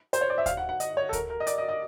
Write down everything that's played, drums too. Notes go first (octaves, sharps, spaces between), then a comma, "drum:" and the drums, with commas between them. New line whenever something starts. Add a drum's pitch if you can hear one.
C5, drum: hi-hat
C#5
D5
E5
F5, drum: kick D2, hi-hat
F#5
F#5
D#5, drum: hi-hat
C#5
A4
A#4, drum: kick D2, hi-hat
A#4
D#5
D5, drum: hi-hat
D#5
D#5